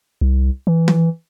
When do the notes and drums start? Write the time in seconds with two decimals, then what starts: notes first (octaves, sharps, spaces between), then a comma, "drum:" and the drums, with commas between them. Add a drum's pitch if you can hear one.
0.21 C2
0.67 E3
0.88 drum: tom E3